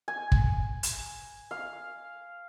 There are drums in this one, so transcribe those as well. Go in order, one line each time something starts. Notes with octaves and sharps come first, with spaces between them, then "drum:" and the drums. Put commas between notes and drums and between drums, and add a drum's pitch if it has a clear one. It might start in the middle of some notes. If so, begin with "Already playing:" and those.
G#5
drum: kick
drum: hi-hat
F5